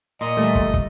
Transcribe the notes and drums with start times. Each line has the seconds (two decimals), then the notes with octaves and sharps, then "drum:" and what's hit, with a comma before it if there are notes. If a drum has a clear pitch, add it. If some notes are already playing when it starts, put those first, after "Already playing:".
0.21 A#2 D#5
0.37 E3 G3 A3
0.55 drum: kick
0.74 drum: kick